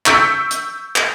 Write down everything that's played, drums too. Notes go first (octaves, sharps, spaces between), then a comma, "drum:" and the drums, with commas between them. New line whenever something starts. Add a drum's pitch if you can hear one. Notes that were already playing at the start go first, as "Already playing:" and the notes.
C#6 E6 G6 B6 C#7 D7, drum: clap
drum: hi-hat
drum: clap